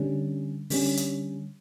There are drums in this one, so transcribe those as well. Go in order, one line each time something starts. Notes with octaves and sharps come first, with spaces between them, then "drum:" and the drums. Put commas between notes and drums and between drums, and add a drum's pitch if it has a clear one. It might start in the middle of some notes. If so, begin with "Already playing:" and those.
Already playing: D3 G3 C#4
D3 G3 C#4, drum: open hi-hat
drum: hi-hat